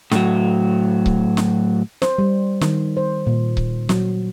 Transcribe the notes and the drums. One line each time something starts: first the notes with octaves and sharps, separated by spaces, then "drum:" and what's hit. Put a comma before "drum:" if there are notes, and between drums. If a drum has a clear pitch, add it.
A2 F#3, drum: snare
drum: kick C#1
drum: snare
C5, drum: snare
G3
D#3, drum: snare
C5
A#2
drum: kick C#1
F#3, drum: snare